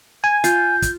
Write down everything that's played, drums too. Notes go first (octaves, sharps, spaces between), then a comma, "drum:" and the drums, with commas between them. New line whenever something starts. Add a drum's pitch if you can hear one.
G#5 G#6
F4 G6, drum: hi-hat
drum: kick, hi-hat